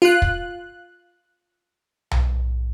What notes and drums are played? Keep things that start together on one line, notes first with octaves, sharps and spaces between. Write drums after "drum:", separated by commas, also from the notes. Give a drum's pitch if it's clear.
F4 F#6
drum: kick
drum: tom B1